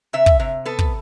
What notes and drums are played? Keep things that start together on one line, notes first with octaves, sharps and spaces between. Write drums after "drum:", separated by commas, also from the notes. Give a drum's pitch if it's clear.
C3 E5
drum: kick
C3
B3 A4
drum: kick